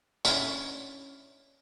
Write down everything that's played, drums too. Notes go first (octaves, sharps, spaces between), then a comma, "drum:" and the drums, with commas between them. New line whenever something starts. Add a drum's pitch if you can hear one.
C#4 D4 E4, drum: tambourine